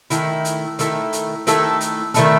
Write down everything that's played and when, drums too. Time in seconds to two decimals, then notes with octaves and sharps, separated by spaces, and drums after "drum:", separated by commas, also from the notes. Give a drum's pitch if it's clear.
0.10 D#3 A3 E4 A4, drum: hi-hat
0.45 drum: hi-hat
0.79 D#3 A3 E4 A4, drum: hi-hat
1.13 drum: hi-hat
1.47 D#3 A3 E4 A4, drum: hi-hat
1.81 drum: hi-hat
2.14 D#3 A3 E4 A4, drum: hi-hat